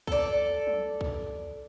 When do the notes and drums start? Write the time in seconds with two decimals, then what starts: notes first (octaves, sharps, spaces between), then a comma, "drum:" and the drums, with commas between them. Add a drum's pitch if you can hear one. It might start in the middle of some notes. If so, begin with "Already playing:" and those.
0.07 A4 D5, drum: kick C2
0.67 drum: tom
1.01 drum: kick C2